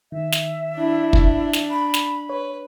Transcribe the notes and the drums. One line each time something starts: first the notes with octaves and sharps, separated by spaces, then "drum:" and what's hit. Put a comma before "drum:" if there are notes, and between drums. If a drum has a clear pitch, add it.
D#3 E5
drum: snare
D4 E4
drum: kick
drum: snare
B5
drum: snare
B4 C#5